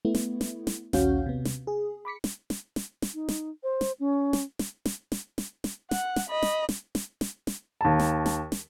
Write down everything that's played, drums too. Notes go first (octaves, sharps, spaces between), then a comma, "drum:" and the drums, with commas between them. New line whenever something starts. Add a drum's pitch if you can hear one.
A3 B3 E4
drum: snare
drum: snare
drum: snare
A#1 D#2 C#4 F#4 F5 G6, drum: snare
C3 B3
drum: snare
G#4
B5 D6 B6 C#7
drum: snare
drum: snare
drum: snare
drum: snare
D#4
drum: snare
C5
drum: snare
C#4
drum: snare
drum: snare
drum: snare
drum: snare
drum: snare
drum: snare
F#5, drum: snare
drum: snare
D#5 B5
drum: snare
drum: snare
drum: snare
drum: snare
drum: snare
D#2 A5
drum: snare
drum: snare
drum: snare